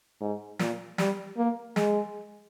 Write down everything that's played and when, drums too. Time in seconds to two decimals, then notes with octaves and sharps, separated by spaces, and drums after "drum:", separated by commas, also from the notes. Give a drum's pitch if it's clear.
0.21 G#2
0.59 A#2, drum: snare
0.98 G3, drum: snare
1.37 A#3
1.76 G#3, drum: snare